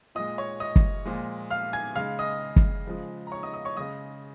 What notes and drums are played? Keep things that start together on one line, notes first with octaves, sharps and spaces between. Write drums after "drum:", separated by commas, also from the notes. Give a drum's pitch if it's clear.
A#2 G#3 D#5 D#6
C#5 C#6
D#5 D#6
drum: kick
A#2 F3 G#3
F5 F6
G#5 G#6
C#3 G#3 F5 F6
D#5 D#6
drum: kick
C#3 F3 G#3
A#5
C#5 C#6
D#5 D#6
D#5 D#6
C#5 C#6
C#3 G#3 D#5 D#6